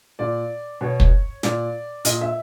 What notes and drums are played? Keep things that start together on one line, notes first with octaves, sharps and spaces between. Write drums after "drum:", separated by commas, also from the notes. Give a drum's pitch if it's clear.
A#2 D5
B2 C#5
drum: kick
A#2 D5, drum: snare
A#2 D#5, drum: hi-hat
E5